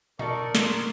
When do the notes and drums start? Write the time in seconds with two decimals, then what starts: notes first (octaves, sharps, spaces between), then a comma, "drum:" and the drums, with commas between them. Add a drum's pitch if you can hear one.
0.19 B2 D#4 A4 A#4 D5 D#5 C#6
0.55 C6, drum: snare